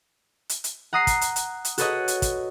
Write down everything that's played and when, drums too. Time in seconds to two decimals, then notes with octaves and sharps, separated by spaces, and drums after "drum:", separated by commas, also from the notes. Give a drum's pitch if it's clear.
0.49 drum: hi-hat
0.64 drum: hi-hat
0.93 F#5 A#5 D#6 A#6 C7
1.07 drum: kick, hi-hat
1.21 drum: hi-hat
1.36 drum: hi-hat
1.65 drum: hi-hat
1.78 F#4 A4 B4 C#5 D#5 F#5, drum: hi-hat
2.08 drum: hi-hat
2.22 drum: kick, hi-hat